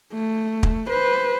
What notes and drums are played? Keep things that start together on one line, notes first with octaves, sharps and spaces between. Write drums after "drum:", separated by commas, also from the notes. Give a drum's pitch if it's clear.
A3
drum: kick
B4 C5